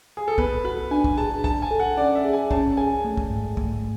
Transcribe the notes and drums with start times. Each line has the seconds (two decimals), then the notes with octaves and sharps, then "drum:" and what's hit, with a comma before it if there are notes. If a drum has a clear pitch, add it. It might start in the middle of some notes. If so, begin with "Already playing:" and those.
0.17 G#4
0.28 A4
0.38 B3 B4, drum: kick
0.65 F#4 B4
0.91 D4 G#5
1.04 drum: kick
1.18 G#4 A5
1.44 D4 A5, drum: kick
1.62 G#5
1.71 A4
1.80 F#5
1.97 C#4 D5
2.15 E5
2.24 G#4
2.33 G#5
2.51 C#4 A5, drum: kick
2.77 G#4 G#5
3.04 A3
3.17 drum: kick
3.30 G#2
3.57 A3, drum: kick